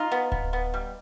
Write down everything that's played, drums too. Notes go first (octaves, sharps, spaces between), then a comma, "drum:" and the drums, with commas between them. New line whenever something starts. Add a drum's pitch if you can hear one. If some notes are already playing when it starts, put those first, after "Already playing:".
Already playing: D#4 F4
B3
B3, drum: kick D1
B3
G3